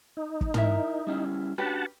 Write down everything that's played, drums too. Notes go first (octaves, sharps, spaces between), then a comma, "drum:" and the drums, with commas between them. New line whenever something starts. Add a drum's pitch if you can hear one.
D#4
drum: kick
E4 A#4 E5 A#5, drum: tom
G3 C#4 E4
C#4 D4 F#4 G4 B4 F#5 A5